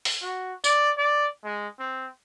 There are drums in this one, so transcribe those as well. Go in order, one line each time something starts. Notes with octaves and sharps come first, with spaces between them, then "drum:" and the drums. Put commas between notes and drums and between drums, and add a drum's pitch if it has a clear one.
drum: open hi-hat
F#4
D5, drum: tambourine
D5
G#3
C4